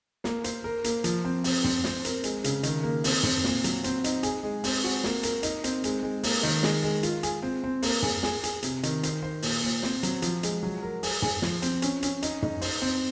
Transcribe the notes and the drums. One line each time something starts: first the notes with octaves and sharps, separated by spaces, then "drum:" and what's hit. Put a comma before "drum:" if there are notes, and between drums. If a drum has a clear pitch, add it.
A#3, drum: snare
C5, drum: hi-hat
A#4
A#3, drum: hi-hat
F3, drum: hi-hat
C4
C4, drum: open hi-hat
C4, drum: tom
C4, drum: snare
A#4, drum: hi-hat
G#3, drum: hi-hat
C#3, drum: hi-hat
D#3, drum: hi-hat
A#3
C4, drum: open hi-hat
C4, drum: tom
A#2, drum: snare
F#3, drum: hi-hat
C4, drum: hi-hat
D#4, drum: hi-hat
G#4, drum: hi-hat
G#3
C4, drum: open hi-hat
F#4
A#3, drum: snare
A#4, drum: hi-hat
D#4, drum: hi-hat
C4, drum: hi-hat
G#3, drum: hi-hat
G#3
A#3, drum: open hi-hat
D#3
G#3, drum: snare
G#3
F4, drum: hi-hat
G#4, drum: hi-hat
C4
C4
A#3, drum: open hi-hat
G#4, drum: tom
G#4, drum: snare
G#4, drum: hi-hat
C3, drum: hi-hat
D#3, drum: hi-hat
C5, drum: hi-hat
C5
A#2, drum: open hi-hat
A#2
C4, drum: snare
F#3, drum: hi-hat
F3, drum: hi-hat
G#3, drum: hi-hat
F#3
A#4
G#4, drum: open hi-hat
G#4, drum: tom
F3, drum: snare
C4, drum: hi-hat
C#4, drum: hi-hat
C#4, drum: hi-hat
D#4, drum: hi-hat
D#4, drum: tom
C5, drum: open hi-hat
C4